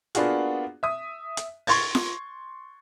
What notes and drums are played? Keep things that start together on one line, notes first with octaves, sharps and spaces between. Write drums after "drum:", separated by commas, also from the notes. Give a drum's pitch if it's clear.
A#3 B3 D4 F4 F#4 G#4, drum: hi-hat
E5 D#6
drum: hi-hat
C6 C#6 G#6 A6, drum: open hi-hat
drum: snare F4